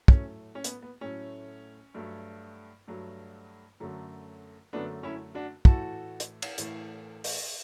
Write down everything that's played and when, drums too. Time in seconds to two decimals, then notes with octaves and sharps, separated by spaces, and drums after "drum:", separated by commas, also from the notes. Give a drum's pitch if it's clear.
0.08 A2 F#3 A3 C#4, drum: kick
0.55 C#4
0.64 B3, drum: hi-hat
0.82 B3
1.01 A2 F#3 A3 C#4
1.94 G2 F#3 A3
2.88 G2 F#3 A3
3.80 F#2 D3 F#3 A3
4.73 F#2 D3 F#3 A3 B3 D4
5.03 C#4 E4
5.35 D4 F#4
5.65 A2 E3 A3 F#4 A4, drum: kick
6.20 drum: hi-hat
6.42 drum: cymbal
6.58 A2 E3 A3, drum: hi-hat
7.24 drum: open hi-hat